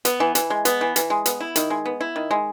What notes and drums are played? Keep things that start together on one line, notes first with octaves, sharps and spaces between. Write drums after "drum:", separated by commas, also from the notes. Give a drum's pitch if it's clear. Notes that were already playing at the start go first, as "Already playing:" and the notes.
B3, drum: hi-hat
E3
E3, drum: hi-hat
G#3
B3, drum: hi-hat
E3
E3, drum: hi-hat
G#3
B3, drum: hi-hat
E4
D#3, drum: hi-hat
G#3
B3
E4
D#3
G#3